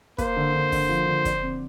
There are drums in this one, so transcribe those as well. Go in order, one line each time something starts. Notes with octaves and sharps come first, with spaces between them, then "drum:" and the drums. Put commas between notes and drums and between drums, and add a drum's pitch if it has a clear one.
A#3 C5, drum: kick, hi-hat
D3
D3
D3, drum: kick, open hi-hat
F3
D3
D5, drum: kick, hi-hat
C4